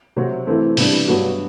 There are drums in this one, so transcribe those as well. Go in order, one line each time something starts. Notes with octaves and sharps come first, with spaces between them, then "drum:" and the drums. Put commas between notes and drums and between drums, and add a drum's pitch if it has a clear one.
C3 F#3 C4 F#4
E3 A3 C4
C3 E3 G3 B3 D4, drum: open hi-hat
G2 F#3 B3 D4 F#4